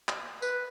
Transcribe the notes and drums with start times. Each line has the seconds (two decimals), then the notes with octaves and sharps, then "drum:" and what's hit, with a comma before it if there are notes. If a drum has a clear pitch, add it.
0.09 drum: clap
0.42 B4, drum: tambourine